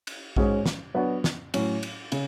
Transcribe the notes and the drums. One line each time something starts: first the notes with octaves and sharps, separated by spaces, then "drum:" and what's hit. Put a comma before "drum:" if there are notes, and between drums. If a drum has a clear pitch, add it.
drum: cymbal
G#2 G#3 C#4 F#4, drum: kick A#1
drum: snare
F#3 B3 D4 F#4
drum: snare
A2 F#3 C#4, drum: cymbal
drum: cymbal
C#3, drum: cymbal